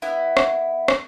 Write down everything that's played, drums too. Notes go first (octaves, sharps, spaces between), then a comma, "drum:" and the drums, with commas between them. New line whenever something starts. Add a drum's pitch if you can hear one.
B3 E4
drum: rim click
drum: rim click